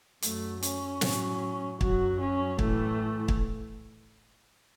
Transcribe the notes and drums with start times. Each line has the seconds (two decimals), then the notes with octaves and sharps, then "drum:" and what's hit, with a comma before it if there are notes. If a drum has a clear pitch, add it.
0.22 F#2 F#3 A3, drum: hi-hat
0.62 C#4, drum: hi-hat
1.01 A2 F#3, drum: snare
1.81 F#2 F#3 F#4, drum: kick
2.19 C#4
2.59 A2 E3 A3, drum: kick
3.28 drum: kick